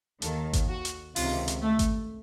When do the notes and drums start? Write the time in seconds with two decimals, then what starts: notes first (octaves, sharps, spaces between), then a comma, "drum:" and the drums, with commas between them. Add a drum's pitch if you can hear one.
0.22 D#2 D#3 A4, drum: hi-hat
0.53 drum: kick G#1, hi-hat
0.69 F#4
0.85 drum: hi-hat
1.16 C#2 C3 D#3 F4, drum: open hi-hat
1.48 drum: hi-hat
1.63 A3
1.79 drum: kick G#1, hi-hat